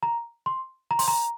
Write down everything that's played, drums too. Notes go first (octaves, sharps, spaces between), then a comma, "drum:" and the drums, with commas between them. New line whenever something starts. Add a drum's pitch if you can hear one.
A#5
C6
A#5
C6, drum: open hi-hat
A#5